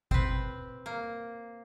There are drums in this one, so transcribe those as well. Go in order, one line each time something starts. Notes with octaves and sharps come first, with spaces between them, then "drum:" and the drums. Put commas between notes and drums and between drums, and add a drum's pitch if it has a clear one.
C4 B4, drum: kick G1
A#3